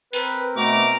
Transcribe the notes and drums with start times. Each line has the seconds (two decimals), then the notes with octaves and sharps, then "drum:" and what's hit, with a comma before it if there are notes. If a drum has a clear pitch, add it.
0.13 C4 A#4 B4, drum: open hi-hat
0.56 B2 A3 A#5 D6